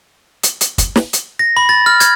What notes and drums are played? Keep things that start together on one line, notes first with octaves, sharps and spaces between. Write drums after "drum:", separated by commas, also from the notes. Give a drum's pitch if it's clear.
drum: hi-hat
drum: hi-hat
drum: kick, hi-hat
drum: snare
drum: hi-hat
A#6
B5
A6
F6
G#6, drum: hi-hat